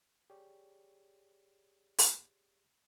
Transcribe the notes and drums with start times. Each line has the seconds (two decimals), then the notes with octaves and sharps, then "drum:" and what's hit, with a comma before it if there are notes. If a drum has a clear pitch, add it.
0.30 G4 G#4 C#5 D5
1.99 drum: open hi-hat